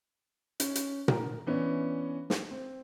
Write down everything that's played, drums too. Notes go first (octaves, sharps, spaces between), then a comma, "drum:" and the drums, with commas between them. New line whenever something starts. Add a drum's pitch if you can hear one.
C#4, drum: hi-hat
drum: hi-hat
A#4, drum: tom A#2
E3 B3 C#4 D4
drum: snare
C4